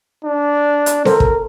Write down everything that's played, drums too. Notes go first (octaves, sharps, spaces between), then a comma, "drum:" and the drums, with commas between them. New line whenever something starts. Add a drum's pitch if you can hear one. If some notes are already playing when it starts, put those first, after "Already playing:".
D4
drum: hi-hat
A4 A#4 C5, drum: snare C4
drum: kick